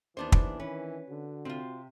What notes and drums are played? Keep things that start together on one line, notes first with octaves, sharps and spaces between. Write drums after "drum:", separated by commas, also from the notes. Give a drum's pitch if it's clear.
D#2 E3 B3 D4 C5
drum: kick
D#3 C#4 B4
D3 F#4
C3 C4 F4